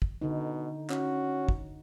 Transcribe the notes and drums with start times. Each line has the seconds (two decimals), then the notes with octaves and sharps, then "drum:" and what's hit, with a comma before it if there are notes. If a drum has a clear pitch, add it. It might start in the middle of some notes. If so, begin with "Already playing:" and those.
0.02 drum: kick
0.22 B2 D3 D#4
0.90 C#4 F#4, drum: clap
1.49 drum: kick